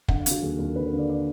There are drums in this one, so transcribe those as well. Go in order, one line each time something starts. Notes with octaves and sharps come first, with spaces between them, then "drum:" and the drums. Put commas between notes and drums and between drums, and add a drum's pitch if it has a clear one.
D3 F#5, drum: kick
F5
D3, drum: hi-hat
F#4
D#2 G#4
D#2 A#4
D3 B4
B4
D3
D5
D5